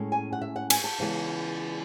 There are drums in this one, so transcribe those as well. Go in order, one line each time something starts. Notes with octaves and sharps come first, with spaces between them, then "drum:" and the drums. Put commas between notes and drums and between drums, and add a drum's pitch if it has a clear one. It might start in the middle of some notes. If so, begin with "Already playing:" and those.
Already playing: A2 G#3 C#4
G#5
F#5
E5
F#5
G#5, drum: cymbal
A5
C#3 E3 G#3 B3